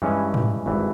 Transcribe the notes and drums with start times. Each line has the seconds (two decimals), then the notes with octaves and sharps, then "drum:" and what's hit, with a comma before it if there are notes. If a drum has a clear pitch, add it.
0.02 G2 E3 G#3 C#4
0.34 drum: tom G#2
0.66 G#1 G2 E3